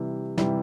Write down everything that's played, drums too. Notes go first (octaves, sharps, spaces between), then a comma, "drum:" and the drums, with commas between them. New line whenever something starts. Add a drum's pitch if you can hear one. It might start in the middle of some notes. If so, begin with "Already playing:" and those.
Already playing: C3 E3 G3
C3 E3 G3, drum: snare